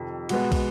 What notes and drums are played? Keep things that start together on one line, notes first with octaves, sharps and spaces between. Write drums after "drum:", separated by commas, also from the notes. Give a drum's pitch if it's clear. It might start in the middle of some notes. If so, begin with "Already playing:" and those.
Already playing: F2 C3 D#3
B2 G#3 B3, drum: cymbal
drum: kick, cymbal